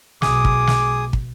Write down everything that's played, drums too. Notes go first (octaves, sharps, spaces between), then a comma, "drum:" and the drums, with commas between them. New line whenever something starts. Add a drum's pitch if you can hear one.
B1 G#4 D6 D#6, drum: snare
drum: kick
drum: snare
drum: kick